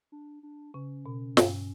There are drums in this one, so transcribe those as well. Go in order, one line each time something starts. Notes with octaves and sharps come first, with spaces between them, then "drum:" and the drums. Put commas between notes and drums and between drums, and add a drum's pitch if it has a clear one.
D4
D4
C#3 C#4
B2
G2, drum: snare